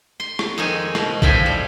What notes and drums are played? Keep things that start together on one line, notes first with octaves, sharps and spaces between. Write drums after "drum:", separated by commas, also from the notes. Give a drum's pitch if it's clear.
C6
drum: rim click
F2 D#3 G#3 D#4 G#5
B2, drum: rim click
A2 C#3 F3 E5 G5 G#5, drum: kick A1
G3